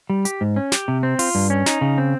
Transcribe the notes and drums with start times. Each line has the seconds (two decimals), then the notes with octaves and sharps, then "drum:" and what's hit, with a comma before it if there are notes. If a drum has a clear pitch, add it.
0.10 G3
0.25 G4, drum: hi-hat
0.41 G#2
0.56 C#4
0.72 G4, drum: snare
0.88 C3
1.03 C4
1.19 F4, drum: open hi-hat
1.35 G2
1.50 C#4
1.66 D#4, drum: snare
1.81 C#3
1.98 C4